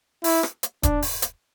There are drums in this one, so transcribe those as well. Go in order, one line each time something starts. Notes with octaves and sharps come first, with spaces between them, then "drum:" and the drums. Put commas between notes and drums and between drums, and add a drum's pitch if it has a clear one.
E4, drum: open hi-hat
drum: rim click
drum: hi-hat
D4, drum: kick D#1, hi-hat
drum: open hi-hat
drum: hi-hat